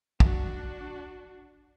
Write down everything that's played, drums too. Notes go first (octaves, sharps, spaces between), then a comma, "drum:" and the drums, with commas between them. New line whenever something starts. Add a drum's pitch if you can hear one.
D4 F#4, drum: kick